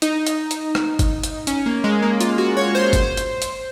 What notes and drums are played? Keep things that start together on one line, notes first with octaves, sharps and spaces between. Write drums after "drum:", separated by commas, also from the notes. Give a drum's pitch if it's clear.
D#4, drum: hi-hat
drum: hi-hat
drum: hi-hat
drum: rim click
drum: kick G1, hi-hat
drum: hi-hat
C#4, drum: hi-hat
A#3
G#3
A#3
F4, drum: hi-hat
F#4
C#5
C5
C5, drum: kick G1, hi-hat
drum: hi-hat
drum: hi-hat